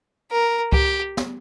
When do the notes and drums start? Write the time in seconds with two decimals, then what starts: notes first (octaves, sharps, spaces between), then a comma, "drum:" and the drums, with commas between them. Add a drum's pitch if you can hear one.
0.32 A#4
0.72 G4, drum: kick C#2
1.17 drum: snare